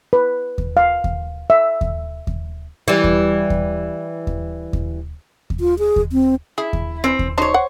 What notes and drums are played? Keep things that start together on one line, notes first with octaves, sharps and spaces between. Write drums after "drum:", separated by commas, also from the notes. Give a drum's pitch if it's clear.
B4
drum: kick D#2
F5
drum: kick D#2
E5
drum: kick D#2
drum: kick D#2
E3 G3
drum: kick D#2
drum: kick D#2
drum: kick D#2
drum: kick D#2
drum: kick D#2
F4
G#4
drum: kick D#2
C4
E4 G#4
drum: kick D#2
E3 C4
drum: kick D#2
F#3 D#4 C5 C#5 A5
F#5